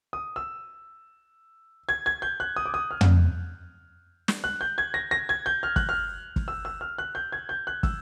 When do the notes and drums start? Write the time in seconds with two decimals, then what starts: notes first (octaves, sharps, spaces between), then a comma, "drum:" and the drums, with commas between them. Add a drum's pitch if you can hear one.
0.13 D#6
0.36 E6
1.89 G#6
2.06 G#6
2.22 G6
2.40 F#6
2.56 D#6
2.66 D6
2.74 D#6
2.91 F6
3.01 drum: tom
4.28 drum: snare
4.44 F#6
4.61 G6
4.78 G#6
4.94 A#6
5.11 A#6
5.29 G#6
5.46 G6
5.63 F6
5.76 F#6, drum: kick
5.89 F6
6.36 drum: kick
6.48 E6
6.65 E6
6.81 F6
6.98 F#6
7.15 G6
7.32 G#6
7.49 G6
7.67 F#6
7.83 E6, drum: kick